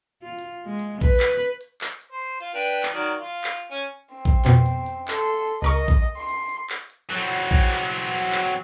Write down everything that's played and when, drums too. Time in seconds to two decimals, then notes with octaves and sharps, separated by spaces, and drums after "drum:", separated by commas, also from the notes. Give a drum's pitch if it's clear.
0.23 F4
0.39 drum: hi-hat
0.66 G#3
0.79 drum: hi-hat
1.01 B4, drum: kick A#1, open hi-hat
1.20 drum: clap
1.40 drum: hi-hat
1.61 drum: hi-hat
1.81 drum: clap
2.01 drum: hi-hat
2.12 C5
2.22 drum: open hi-hat
2.41 F4, drum: hi-hat
2.54 D4 B4 G5
2.83 drum: clap
2.93 D#3 F#3 D5
3.03 drum: hi-hat
3.19 F4
3.44 drum: clap
3.71 C#4 G#5
4.12 C4
4.25 drum: kick A#1, open hi-hat
4.45 F2 B2, drum: clap
4.66 drum: hi-hat
4.86 drum: hi-hat
5.08 A4 C6, drum: clap
5.47 drum: open hi-hat
5.62 C#2 A#4 D#5 C#6
5.88 drum: kick A#1, open hi-hat
6.17 C6
6.29 drum: hi-hat
6.49 drum: hi-hat
6.70 drum: clap
6.90 drum: hi-hat
7.10 F#3 C4, drum: open hi-hat
7.31 drum: hi-hat
7.51 drum: kick A#1, open hi-hat
7.71 drum: clap
7.92 drum: hi-hat
8.12 drum: hi-hat
8.32 drum: clap